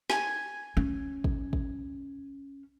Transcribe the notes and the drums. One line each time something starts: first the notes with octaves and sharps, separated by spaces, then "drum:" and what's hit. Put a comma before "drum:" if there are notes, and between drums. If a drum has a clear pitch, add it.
G#5, drum: snare
C#4
drum: kick
drum: kick